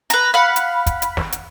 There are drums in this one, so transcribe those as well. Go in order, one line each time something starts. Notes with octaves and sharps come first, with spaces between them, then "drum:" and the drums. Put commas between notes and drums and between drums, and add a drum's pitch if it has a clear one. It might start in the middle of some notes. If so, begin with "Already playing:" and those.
B4 A#5, drum: hi-hat
F5 F#5 B5
drum: hi-hat
drum: kick, hi-hat
drum: hi-hat
drum: snare
drum: hi-hat